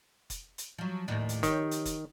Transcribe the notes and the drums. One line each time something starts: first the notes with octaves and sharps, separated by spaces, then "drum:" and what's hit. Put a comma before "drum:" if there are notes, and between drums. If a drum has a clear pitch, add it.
drum: kick F1, hi-hat
drum: hi-hat
F3 F#3
D#2 A2 D4
drum: hi-hat
D#3 G4 C#5, drum: kick F1, hi-hat
drum: hi-hat
drum: kick F1, hi-hat